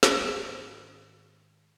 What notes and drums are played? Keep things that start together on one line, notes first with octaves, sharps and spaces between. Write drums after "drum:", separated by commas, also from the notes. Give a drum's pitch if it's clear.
drum: snare
G#2 D#3